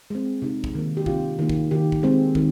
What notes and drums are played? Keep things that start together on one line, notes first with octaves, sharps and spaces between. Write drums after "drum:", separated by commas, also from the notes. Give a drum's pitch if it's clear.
G#3 C4
C3 D#4
drum: kick
D#3 A#3
G4
C3 F4, drum: kick
D#3 A#3
drum: kick
D#3 G4
drum: kick
G#3 C4
D#3, drum: kick